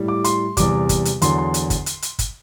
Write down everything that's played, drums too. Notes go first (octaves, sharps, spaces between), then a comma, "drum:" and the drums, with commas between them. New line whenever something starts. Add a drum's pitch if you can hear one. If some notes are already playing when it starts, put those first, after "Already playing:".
Already playing: A2 G3
D6
C6, drum: hi-hat
E2 C3 G3 D6, drum: kick, hi-hat
drum: kick, hi-hat
drum: hi-hat
E2 D3 F#3 C6, drum: hi-hat
C6
drum: hi-hat
drum: kick, hi-hat
drum: hi-hat
drum: hi-hat
drum: kick, hi-hat